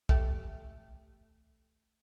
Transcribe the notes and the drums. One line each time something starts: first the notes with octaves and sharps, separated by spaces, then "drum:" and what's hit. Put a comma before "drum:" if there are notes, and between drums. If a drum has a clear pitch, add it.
A3 G4, drum: kick